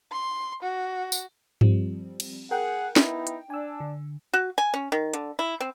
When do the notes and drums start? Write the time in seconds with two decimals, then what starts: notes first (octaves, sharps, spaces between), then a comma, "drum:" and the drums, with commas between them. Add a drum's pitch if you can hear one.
0.12 C6
0.62 F#4
1.12 drum: tambourine
1.61 F3 G3 C4, drum: tom G2
2.20 drum: cymbal
2.51 G#4 A#4 F#5 G5
2.96 B3 D#4 E4 G5, drum: snare
3.27 drum: hi-hat
3.50 D4 G#5 E6
3.80 D3
4.33 F#4
4.58 G#5
4.74 C#4
4.92 D#3
5.13 D3, drum: hi-hat
5.39 E4
5.60 C4